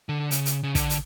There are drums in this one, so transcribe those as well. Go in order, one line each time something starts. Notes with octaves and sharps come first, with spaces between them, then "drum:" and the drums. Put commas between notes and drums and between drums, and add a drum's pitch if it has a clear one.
D3
C#3, drum: hi-hat
drum: hi-hat
C#3
D3, drum: kick, hi-hat
drum: hi-hat